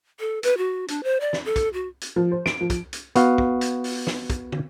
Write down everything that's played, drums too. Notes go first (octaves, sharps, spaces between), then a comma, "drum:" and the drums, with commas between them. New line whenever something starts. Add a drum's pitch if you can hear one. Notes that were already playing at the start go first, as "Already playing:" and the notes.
A4
B4, drum: hi-hat
F#4
D4, drum: hi-hat
C5
D5
drum: snare
A4
drum: kick, hi-hat
F#4
drum: hi-hat
F3
C5
D7, drum: snare
F3
drum: kick, hi-hat
drum: hi-hat
B3 F#4 F5, drum: hi-hat
drum: kick
drum: hi-hat
drum: open hi-hat
drum: snare
drum: kick, hi-hat
drum: tom